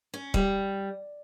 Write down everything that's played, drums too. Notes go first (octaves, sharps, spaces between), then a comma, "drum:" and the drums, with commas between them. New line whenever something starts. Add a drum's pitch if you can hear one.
C#4
G3, drum: kick